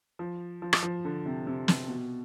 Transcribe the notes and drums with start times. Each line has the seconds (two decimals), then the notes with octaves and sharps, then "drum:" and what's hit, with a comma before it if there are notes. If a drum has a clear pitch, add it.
0.19 F3
0.62 F3
0.73 drum: rim click
0.83 F3
1.05 D3
1.26 C3
1.47 C3
1.68 C3, drum: snare
1.88 B2